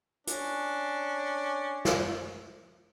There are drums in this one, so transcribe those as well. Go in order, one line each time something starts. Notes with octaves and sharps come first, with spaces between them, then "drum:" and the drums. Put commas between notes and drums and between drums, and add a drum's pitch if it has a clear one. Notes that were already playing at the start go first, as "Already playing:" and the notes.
C#4 D4, drum: hi-hat
drum: snare